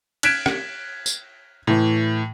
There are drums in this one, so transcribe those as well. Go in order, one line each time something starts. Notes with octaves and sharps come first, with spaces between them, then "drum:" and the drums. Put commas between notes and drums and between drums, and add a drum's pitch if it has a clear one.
F6 F#6 G#6 B6 D7 E7, drum: cymbal
drum: rim click
drum: tambourine
A2 E3